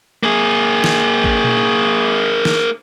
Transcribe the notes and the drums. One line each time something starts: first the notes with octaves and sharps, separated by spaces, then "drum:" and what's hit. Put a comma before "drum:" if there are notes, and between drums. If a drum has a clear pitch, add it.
A#3 G#4
drum: snare
drum: kick G#1
drum: tom A#2
drum: snare